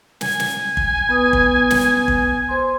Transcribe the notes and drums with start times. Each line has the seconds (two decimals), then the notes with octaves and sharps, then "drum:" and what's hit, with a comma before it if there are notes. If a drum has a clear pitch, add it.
0.21 G#5, drum: snare
0.39 drum: snare
0.77 drum: kick
1.09 B3 B4 D#6
1.33 drum: kick
1.70 drum: snare
2.08 drum: kick
2.49 C5 C6